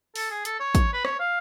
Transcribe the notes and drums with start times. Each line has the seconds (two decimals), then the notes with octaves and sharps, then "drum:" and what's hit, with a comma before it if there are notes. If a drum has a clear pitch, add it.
0.16 A4, drum: open hi-hat
0.30 G#4
0.45 A4, drum: hi-hat
0.60 C#5
0.75 drum: kick, hi-hat
0.93 B4
1.05 C#5, drum: rim click
1.19 F5